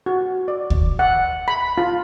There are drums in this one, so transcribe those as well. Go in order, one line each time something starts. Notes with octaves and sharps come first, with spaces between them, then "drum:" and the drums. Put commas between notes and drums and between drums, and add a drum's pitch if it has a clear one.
F#4
D5
drum: kick D2
F#5
B5
F4